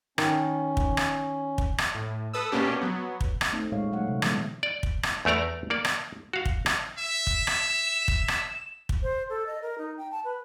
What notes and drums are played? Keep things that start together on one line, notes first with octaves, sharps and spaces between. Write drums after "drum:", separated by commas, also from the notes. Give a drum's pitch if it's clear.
D#3 C#4, drum: rim click
drum: kick
drum: rim click
drum: kick
drum: rim click
A2
A4 B4 D#6 E6
B2 A#3 B3 C#4 D4 G4
F#3 B3
drum: kick
drum: rim click
A3 C4 D#4
A#2 G#3 C#5 F5
F#3 A3 F#5
C3
D3 E3 F3 G3 G#3 B3, drum: rim click
D5
drum: kick
drum: rim click
E2 A3 A#4 D5 A#5
A#3 D5
drum: rim click
F#4 F5
drum: kick
drum: rim click
E5 E7
drum: kick
drum: rim click
drum: kick
drum: rim click
drum: kick
C5
A4
D#5
A#4
D#4
G5
A5
B4